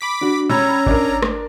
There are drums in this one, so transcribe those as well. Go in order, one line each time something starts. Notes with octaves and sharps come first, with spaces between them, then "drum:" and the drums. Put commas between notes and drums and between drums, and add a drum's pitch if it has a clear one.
B5 D6 B6
D4 F#4
G3 C#4 A#5 E6 G#6
D4 A#4, drum: kick G#1
drum: rim click